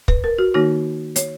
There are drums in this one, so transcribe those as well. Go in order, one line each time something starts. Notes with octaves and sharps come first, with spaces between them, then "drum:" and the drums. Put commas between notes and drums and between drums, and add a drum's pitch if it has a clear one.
B4, drum: kick
A#4
F#4
D#3 A#3 D#4 F#4
C#5, drum: hi-hat